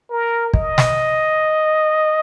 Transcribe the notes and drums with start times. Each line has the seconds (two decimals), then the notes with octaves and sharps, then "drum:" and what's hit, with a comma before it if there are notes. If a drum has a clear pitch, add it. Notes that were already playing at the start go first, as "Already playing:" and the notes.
0.11 A#4
0.53 D#5, drum: kick
0.78 drum: snare